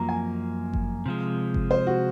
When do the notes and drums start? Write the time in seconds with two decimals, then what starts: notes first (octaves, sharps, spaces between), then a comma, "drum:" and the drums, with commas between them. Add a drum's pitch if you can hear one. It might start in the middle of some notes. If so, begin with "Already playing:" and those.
Already playing: F#2 F3 A#3 A#5
0.09 G#5
0.73 drum: kick G1
1.06 C3 F3 G#3
1.54 drum: kick G1
1.71 C5
1.87 F#4